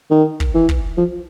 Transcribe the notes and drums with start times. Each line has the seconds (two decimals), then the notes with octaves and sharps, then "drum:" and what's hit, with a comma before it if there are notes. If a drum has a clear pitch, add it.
0.11 D#3
0.40 drum: kick
0.55 E3
0.69 drum: kick
0.97 F3